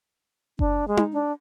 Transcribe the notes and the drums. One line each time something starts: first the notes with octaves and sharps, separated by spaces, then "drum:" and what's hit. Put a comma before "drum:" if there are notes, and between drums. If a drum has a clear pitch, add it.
D4, drum: kick F#1
G#3
drum: tom D#4
D4